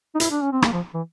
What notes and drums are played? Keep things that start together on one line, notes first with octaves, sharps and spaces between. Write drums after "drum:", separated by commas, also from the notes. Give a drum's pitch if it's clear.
D#4
E4, drum: hi-hat
D4
C#4
C4
A#3, drum: rim click
F3
E3